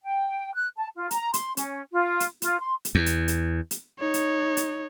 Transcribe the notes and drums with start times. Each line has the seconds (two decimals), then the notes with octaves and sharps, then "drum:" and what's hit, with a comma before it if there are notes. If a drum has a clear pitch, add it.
0.04 G5
0.54 F#6
0.76 A5
0.95 F4
1.11 A#5, drum: hi-hat
1.34 C6, drum: hi-hat
1.57 C#4, drum: hi-hat
1.93 F4
2.20 drum: hi-hat
2.42 F4, drum: hi-hat
2.60 C6
2.85 drum: hi-hat
2.95 E2
3.06 drum: hi-hat
3.28 drum: hi-hat
3.71 drum: hi-hat
4.00 D#4 C#5
4.14 drum: hi-hat
4.57 drum: hi-hat